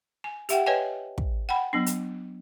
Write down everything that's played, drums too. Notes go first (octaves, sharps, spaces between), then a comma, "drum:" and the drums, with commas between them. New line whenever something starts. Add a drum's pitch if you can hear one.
G#5
G4 E5 F#5 G5, drum: hi-hat
B4 C#5 D#5 G5 G#5
drum: kick
F#5 G5 B5
F#3 B3 D4
drum: hi-hat